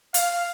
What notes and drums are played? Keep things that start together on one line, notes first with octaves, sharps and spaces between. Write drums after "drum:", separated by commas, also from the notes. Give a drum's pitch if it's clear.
F5, drum: hi-hat